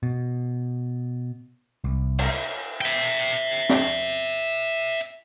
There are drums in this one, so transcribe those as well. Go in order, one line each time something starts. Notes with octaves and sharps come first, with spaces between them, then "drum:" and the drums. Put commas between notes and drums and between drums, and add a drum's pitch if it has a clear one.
B2
C2
drum: cymbal
E5 G5
drum: snare